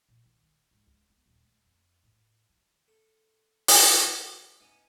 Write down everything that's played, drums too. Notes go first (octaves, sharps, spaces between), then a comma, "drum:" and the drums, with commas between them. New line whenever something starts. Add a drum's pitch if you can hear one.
A#2
D#3
B3
G#2
C#2
B3
D#1
A3
F2
A2
D#3
A4
drum: open hi-hat
D#3 A3
D5
B3 C#4 D#4 E4